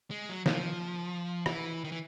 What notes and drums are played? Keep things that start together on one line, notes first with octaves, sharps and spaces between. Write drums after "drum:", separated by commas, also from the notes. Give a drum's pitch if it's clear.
G#3
F#3
F#3, drum: snare
F3
E3, drum: rim click
D#3
E3